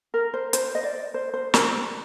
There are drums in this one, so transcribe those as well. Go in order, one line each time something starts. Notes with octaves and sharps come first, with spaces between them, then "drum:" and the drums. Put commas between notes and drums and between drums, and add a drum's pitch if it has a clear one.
A#4
C5
C5, drum: hi-hat
D#5
D5
C5
C5
A#4, drum: snare